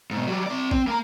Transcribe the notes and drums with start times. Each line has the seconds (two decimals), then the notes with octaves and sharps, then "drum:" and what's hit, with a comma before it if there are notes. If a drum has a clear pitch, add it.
0.11 G#2 B2
0.27 F#3 G3
0.46 C4 D5
0.71 C4, drum: kick
0.87 A#3 A#5